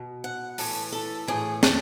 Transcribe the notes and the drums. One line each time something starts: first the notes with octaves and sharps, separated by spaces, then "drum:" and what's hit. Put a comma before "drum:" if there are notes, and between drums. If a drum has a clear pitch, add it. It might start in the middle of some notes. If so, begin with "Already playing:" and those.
Already playing: B2
F#5
A2 E3 A4, drum: open hi-hat
A4
A2 E3 G#4
A4, drum: snare